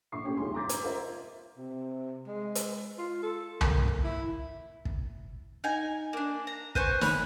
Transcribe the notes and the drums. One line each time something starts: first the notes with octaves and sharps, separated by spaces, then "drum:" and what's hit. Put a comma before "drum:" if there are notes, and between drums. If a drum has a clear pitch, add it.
A#1 A#2 E5 C#6 C7
A3 A#3 C#4 G4 C#5
F1 G#2 F4 G#5 C6
A#5 C6 D6 G6 A6 B6
D6 G#6, drum: hi-hat
F4 A#4 C5 D#5 E5 A#5
C3
G#3
drum: hi-hat
F4
A4
A#3, drum: tom C2
drum: kick
E4
drum: kick
D#4 G#5
A#3 D4
A#5
B4 C5 G#5 C#6, drum: kick
C#5 B5 F#6, drum: snare